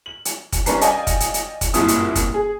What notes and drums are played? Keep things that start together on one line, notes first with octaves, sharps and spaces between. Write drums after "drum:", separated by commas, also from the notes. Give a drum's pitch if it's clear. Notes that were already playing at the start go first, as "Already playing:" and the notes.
F#7
drum: hi-hat
drum: kick, hi-hat
C2 C#4 D4 B4 A#5 C7, drum: hi-hat
D5 D#5 F5 G5 G#5, drum: hi-hat
drum: kick, hi-hat
drum: hi-hat
drum: hi-hat
drum: kick, hi-hat
F#1 C2 G2 A#2 E4 D#6, drum: hi-hat
drum: hi-hat
drum: kick, hi-hat
G#4